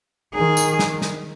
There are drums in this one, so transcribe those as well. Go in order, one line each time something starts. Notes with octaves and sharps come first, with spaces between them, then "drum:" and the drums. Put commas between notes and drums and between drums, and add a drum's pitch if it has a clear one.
D#3 G#4
drum: tambourine
drum: snare
drum: snare